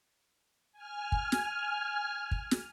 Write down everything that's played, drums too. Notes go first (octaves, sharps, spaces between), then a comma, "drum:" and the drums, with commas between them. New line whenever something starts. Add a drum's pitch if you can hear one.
G#5 F6
drum: kick
drum: snare
drum: kick
drum: snare